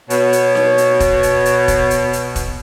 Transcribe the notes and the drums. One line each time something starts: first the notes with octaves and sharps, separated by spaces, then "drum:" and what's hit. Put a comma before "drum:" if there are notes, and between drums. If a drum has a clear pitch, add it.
B2 C#5, drum: hi-hat
drum: hi-hat
drum: snare D#4
drum: hi-hat
drum: kick E1, hi-hat
drum: hi-hat
drum: hi-hat
drum: kick E1, hi-hat
drum: hi-hat
drum: hi-hat
drum: kick E1, hi-hat